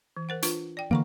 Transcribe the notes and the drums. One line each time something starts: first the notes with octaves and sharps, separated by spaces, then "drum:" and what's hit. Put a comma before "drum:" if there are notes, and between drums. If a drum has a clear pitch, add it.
E3
A#4 C5 F#5
D4 F4 B4, drum: hi-hat
D5 G5
D3 E3 A#3 F#5 A#5 C#6